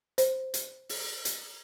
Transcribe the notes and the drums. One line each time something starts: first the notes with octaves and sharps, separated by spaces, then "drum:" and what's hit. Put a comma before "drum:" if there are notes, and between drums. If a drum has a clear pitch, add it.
C5, drum: hi-hat
drum: hi-hat
drum: open hi-hat
drum: hi-hat